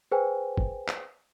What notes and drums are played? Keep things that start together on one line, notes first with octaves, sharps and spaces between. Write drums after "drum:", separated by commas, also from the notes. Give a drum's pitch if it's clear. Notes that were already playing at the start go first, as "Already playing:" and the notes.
G#4 B4 C5 G5 G#5
drum: kick
drum: clap